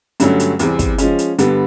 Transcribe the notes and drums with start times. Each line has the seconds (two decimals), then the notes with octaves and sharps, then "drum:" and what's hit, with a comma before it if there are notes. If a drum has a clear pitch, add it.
0.20 G2 D3 F#3 A3 C#4, drum: hi-hat
0.40 drum: hi-hat
0.59 E2 C3 E3 G3 C4, drum: hi-hat
0.79 drum: kick, hi-hat
0.98 F3 G#3 C#4, drum: hi-hat
1.19 drum: hi-hat
1.39 G2 D3 G3 B3, drum: hi-hat